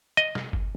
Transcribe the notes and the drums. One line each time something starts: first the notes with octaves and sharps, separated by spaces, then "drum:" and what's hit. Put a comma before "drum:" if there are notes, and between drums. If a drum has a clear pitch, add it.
D#5
drum: snare
drum: kick G1